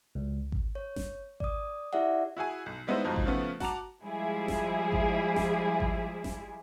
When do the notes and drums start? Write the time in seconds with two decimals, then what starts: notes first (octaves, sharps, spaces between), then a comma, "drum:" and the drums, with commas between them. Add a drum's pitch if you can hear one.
0.15 C#2
0.52 drum: kick G#1
0.75 C#5
0.96 drum: snare G1
1.40 D5 D#6, drum: kick G#1
1.93 E4 G4 D5 E5 F#5
2.37 E4 F#4 G#4 G#5
2.66 B1
2.87 G3 G#3 B3 D#4 E4 C5
3.04 F2 G#2 B2 F3 D#4
3.16 drum: kick G#1
3.25 C#3 F3 A3 B3
3.60 F#4 A5 A#5 D6 F7, drum: snare G1
4.01 F3 G3 G#3 E4 G#4
4.48 drum: snare G1
4.92 drum: kick G#1
5.36 drum: snare G1
5.80 drum: kick G#1
6.24 drum: snare G1